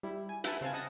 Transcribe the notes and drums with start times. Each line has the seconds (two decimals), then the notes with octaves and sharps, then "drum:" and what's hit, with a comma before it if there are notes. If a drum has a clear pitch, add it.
0.03 G3 E4
0.29 G#5
0.44 B4 E5 F#5 G#5 A5 F#6, drum: hi-hat
0.61 C#3 C4 F5 G#5 A5 G#6
0.73 D#5 F#5 G#5 A5 A#6